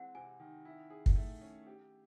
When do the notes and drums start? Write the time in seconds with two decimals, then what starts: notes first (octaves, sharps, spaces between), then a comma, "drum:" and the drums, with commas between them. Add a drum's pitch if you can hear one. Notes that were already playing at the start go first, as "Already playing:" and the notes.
Already playing: E3 G#3 C4 F#5
0.15 C3 G#5
0.40 D#3
0.65 E4
0.90 G#4
1.06 drum: kick
1.16 A3
1.41 C#4
1.66 G4